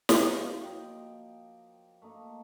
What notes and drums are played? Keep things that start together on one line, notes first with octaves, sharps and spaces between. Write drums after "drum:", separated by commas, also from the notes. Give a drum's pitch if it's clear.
F3 F#3, drum: snare
A#3 D#5 G5
A3 A#3 D#4